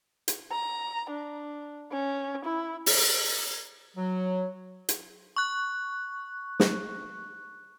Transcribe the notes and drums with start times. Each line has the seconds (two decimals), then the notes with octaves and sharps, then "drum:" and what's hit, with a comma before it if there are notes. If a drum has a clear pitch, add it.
0.28 drum: hi-hat
0.52 A#5
1.10 D4
1.92 C#4
2.45 E4
2.86 drum: open hi-hat
3.97 F#3
4.89 drum: hi-hat
5.36 C#6 F#6
6.60 drum: snare